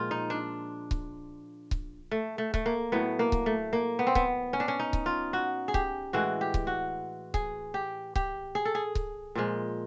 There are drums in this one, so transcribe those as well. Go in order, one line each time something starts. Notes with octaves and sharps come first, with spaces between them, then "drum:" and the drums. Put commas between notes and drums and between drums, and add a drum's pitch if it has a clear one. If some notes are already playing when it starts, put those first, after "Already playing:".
Already playing: A#2 F3 G#3 F4
D#4
D4
drum: kick C#1
drum: kick C#1
A3
A3
A3, drum: kick C#1
A#3
A2 F#3 A3 B3
A#3
drum: kick C#1
A3
A#3
B3
C4
B3, drum: kick C#1
C#4
D4
C#4
D#4
drum: kick C#1
F4
F#4
G#4
G4, drum: kick C#1
A2 E3 G#3 F#4
G4
drum: kick C#1
F#4
G#4, drum: kick C#1
G4
G4, drum: kick C#1
G#4
A4
G#4
drum: kick C#1
A#2 F3 G#3